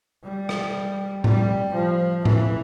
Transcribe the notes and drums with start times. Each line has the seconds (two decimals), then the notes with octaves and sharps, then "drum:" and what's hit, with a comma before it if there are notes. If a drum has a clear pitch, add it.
0.24 G3
0.49 drum: rim click
1.24 G3, drum: tom A2
1.75 F3
2.25 E3, drum: tom A2